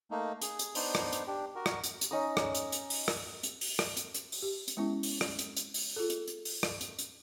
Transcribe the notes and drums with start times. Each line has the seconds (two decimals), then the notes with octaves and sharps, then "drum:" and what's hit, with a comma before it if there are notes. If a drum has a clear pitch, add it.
0.11 A3 A#3 D#4
0.41 G#4, drum: hi-hat
0.59 drum: hi-hat
0.75 B3 D4 D#4 C5, drum: open hi-hat
0.95 drum: rim click
1.13 drum: hi-hat
1.27 D4 G4
1.55 F#4 A#4
1.66 drum: rim click
1.84 drum: hi-hat
2.01 drum: hi-hat
2.11 C#4 D#4 A#5 D#6
2.37 drum: rim click
2.55 drum: hi-hat
2.72 drum: hi-hat
2.90 drum: open hi-hat
3.08 drum: rim click
3.43 drum: hi-hat
3.61 drum: open hi-hat
3.79 drum: rim click
3.97 drum: hi-hat
4.14 drum: hi-hat
4.32 drum: open hi-hat
4.42 G4
4.68 drum: hi-hat
4.77 G#3 B3 C#4 E4
5.03 drum: open hi-hat
5.21 drum: rim click
5.39 drum: hi-hat
5.56 drum: hi-hat
5.74 drum: open hi-hat
5.96 F4 G#4 A4
6.10 drum: hi-hat
6.28 drum: hi-hat
6.45 drum: open hi-hat
6.63 drum: rim click
6.81 drum: hi-hat
6.99 drum: hi-hat